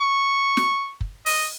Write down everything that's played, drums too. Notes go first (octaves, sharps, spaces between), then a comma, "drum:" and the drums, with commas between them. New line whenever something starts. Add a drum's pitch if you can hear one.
C#6
drum: snare
drum: kick
D#5, drum: open hi-hat